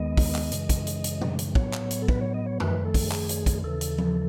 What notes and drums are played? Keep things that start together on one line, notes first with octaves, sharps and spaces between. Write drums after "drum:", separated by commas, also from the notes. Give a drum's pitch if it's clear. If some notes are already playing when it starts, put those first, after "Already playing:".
Already playing: D#2 D#3 G#3 B3 D#5
drum: kick, open hi-hat
drum: clap
F#2 C#3 E3 G#3, drum: hi-hat
drum: kick, hi-hat
drum: hi-hat
drum: hi-hat
drum: tom A#2
drum: hi-hat
A2 F#3 B3 C#5, drum: kick
drum: clap
drum: hi-hat
A4
B4, drum: kick
C#5
D#5
C#5
F#2 D#3 A3 B4, drum: tom F2
A4
drum: kick, open hi-hat
G#4, drum: clap
drum: hi-hat
drum: kick, hi-hat
D#2 C#3 E3 A4
drum: hi-hat
drum: tom F3